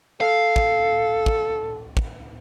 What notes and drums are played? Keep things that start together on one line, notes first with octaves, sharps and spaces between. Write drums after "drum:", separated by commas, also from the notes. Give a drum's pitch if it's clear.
A4 F5
drum: kick
drum: kick
drum: kick